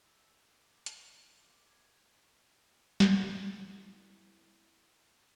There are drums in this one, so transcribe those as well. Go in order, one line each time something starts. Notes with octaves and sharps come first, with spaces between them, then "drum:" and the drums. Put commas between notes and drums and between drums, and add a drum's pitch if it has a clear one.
E6
D6
A#6, drum: hi-hat
D5
D6
G#6
drum: snare
F#3 A#3 C4 E4